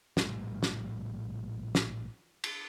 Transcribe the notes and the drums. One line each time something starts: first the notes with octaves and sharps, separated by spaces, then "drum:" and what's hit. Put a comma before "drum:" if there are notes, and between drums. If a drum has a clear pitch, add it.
A#1 A2 G3, drum: snare
drum: snare
drum: snare
drum: cymbal